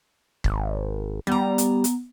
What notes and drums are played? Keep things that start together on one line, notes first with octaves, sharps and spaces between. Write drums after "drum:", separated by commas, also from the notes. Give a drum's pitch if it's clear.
G#1, drum: kick
G3 B3 A#5
drum: hi-hat
drum: hi-hat